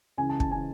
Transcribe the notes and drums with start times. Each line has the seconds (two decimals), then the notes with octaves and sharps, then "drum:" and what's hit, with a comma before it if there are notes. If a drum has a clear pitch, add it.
0.18 C#2 C#3 E3 G#5
0.30 A5
0.40 A5, drum: kick
0.51 C#3 E3 G#5